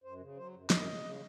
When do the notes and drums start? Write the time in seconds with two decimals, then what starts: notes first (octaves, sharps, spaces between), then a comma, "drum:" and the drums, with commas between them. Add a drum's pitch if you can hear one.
0.04 F#2 C5
0.20 C#3
0.37 F#3 C5
0.54 F#2
0.70 F#2 D#5, drum: snare
0.88 C#3
1.04 C#3